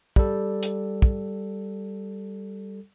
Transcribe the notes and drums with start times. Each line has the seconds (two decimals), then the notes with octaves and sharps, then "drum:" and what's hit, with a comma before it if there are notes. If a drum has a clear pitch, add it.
0.16 G3 A4, drum: kick
0.63 drum: hi-hat
1.02 drum: kick